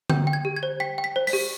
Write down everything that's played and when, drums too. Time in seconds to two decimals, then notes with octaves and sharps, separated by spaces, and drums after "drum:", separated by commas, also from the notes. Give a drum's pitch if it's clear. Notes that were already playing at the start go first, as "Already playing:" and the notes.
0.10 G5 G6, drum: tom D3
0.27 G5
0.33 G#6
0.45 G4
0.56 G#6
0.63 C5
0.80 G5 B6
0.98 G5
1.04 B6
1.16 C5
1.27 B6, drum: open hi-hat
1.33 G4